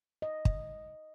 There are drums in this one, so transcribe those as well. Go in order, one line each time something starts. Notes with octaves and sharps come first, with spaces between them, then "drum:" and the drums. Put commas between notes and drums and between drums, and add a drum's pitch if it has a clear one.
D#5
drum: kick